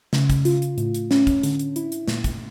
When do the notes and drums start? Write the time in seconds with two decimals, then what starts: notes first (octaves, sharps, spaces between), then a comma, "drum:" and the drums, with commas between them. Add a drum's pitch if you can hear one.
0.13 C#3, drum: snare
0.30 drum: kick, hi-hat
0.45 F4, drum: hi-hat
0.62 drum: hi-hat
0.78 A2, drum: hi-hat
0.94 drum: hi-hat
1.11 C#4, drum: snare
1.27 drum: kick, hi-hat
1.43 D3, drum: hi-hat
1.59 drum: hi-hat
1.76 E4, drum: hi-hat
1.92 drum: hi-hat
2.08 A#2, drum: snare
2.24 drum: kick, hi-hat